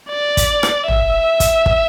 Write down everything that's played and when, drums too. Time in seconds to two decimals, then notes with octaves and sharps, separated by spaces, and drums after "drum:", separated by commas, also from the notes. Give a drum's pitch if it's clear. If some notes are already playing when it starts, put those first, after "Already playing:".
0.11 D5
0.37 drum: kick, hi-hat
0.63 drum: rim click
0.88 E5, drum: tom
1.40 drum: kick, hi-hat
1.66 drum: kick